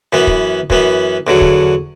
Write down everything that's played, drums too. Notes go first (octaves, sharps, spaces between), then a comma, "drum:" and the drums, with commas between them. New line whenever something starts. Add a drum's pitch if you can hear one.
F#2 E3 B3
drum: kick
F#2 E3 B3, drum: kick
E2 D3 F#3
drum: kick